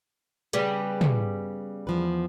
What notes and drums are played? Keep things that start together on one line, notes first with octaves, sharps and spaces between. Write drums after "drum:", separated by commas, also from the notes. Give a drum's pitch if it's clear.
C#3 G3 B3, drum: hi-hat
drum: tom
E2 F3 B4